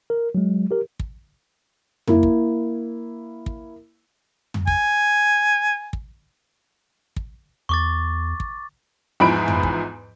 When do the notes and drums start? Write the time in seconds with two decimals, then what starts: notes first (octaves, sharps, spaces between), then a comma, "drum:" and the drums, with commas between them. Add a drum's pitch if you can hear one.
0.10 A#4
0.35 F#3 G#3
0.71 G4 A#4
1.00 drum: kick
2.07 A#3 E4, drum: tom
2.23 drum: kick
3.46 drum: kick
4.54 drum: tom
4.67 G#5, drum: kick
5.93 drum: kick
7.16 drum: kick
7.69 E2 C#6 D6 A6
8.40 drum: kick
9.20 E2 G#2 E3 F3 B5 D7
9.48 drum: tom
9.63 drum: kick